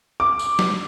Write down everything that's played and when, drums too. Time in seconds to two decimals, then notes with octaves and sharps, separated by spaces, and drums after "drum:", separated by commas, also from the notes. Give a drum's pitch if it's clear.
0.20 D6
0.39 drum: tambourine
0.59 drum: snare